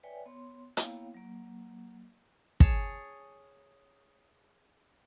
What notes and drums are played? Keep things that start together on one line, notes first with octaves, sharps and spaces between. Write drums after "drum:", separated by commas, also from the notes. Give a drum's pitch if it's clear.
B4 C#5 D5 E5 G5 G#5
B3 C#5 C6
A#3 B3 E4 C#5 F5 G5, drum: hi-hat
F#3 A#3
G#4 C#5 A5, drum: kick